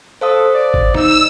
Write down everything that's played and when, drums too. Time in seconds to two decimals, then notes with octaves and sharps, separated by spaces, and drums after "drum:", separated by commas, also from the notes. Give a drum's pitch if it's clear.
0.21 A4 C5 F5 D#6
0.54 D5
0.74 drum: kick G#1
0.94 D#4 E6, drum: snare